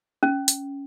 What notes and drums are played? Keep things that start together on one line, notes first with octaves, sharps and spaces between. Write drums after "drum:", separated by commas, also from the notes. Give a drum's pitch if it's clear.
C#4
drum: hi-hat